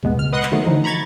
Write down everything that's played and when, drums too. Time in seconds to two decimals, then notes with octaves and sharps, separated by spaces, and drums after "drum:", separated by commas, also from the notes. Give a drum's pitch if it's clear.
0.03 G#1 D#2 G#3 B3, drum: tom A#2
0.18 C#2 F6
0.33 B4 D#5 F#5 C6 D#6 F#6
0.43 drum: clap
0.52 D#3 F#3 A3 B3
0.65 D3 E3 F3 D#4
0.84 A#5 B5 C#6 G#6 A6